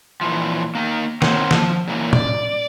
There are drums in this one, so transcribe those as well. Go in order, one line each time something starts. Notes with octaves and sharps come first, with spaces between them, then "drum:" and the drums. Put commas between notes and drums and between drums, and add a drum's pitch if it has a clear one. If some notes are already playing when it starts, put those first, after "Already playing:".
A#2 E3 F3
A#3 D#4
C4 D#4 A#4 C5 C#5 F#5, drum: snare
F3, drum: snare
A#2 C#3 E3 A#3
D5, drum: tom A2